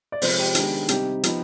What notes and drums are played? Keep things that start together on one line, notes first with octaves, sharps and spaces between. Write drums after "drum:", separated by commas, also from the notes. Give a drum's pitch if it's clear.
D5
C3 F3 G#3 C5, drum: open hi-hat
G4
D#3 G#3 B3 D4 G4, drum: hi-hat
C3 G3 C4 D#4 G4, drum: hi-hat
F3 B3 D#4, drum: hi-hat